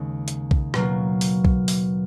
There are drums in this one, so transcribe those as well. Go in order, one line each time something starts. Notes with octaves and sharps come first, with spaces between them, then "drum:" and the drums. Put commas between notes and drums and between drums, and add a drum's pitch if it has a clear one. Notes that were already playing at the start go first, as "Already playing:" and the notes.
Already playing: D#2 C#3 G#3
drum: hi-hat
drum: kick B1
B2 F#3 A#3, drum: rim click
drum: open hi-hat
drum: kick B1
drum: open hi-hat